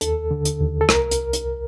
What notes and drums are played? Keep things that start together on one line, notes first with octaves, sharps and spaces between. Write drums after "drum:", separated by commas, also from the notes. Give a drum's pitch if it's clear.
D#2 A4, drum: hi-hat
D3
drum: hi-hat
D#2
A4
C2 A#4, drum: rim click
drum: hi-hat
drum: hi-hat